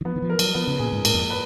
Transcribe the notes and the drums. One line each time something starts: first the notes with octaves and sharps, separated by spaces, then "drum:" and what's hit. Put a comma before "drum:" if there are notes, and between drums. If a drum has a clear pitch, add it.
D#3
F3 B3
D#3
F3
A#4
F#3, drum: cymbal
F3 B3
C#3
A#2 G#4
G#2
G#2 A#3, drum: cymbal
F2
B4